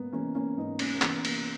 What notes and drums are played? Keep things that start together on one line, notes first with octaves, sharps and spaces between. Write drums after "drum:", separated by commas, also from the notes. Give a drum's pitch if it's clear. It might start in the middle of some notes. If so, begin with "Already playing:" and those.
Already playing: G#2 A#3 B3
E3 G#3 A#3 C#4
A#3 C#4
G#2 B3 D#4
A#3 C#4, drum: cymbal
A#3
E3 G#3 B3, drum: clap
A#3, drum: cymbal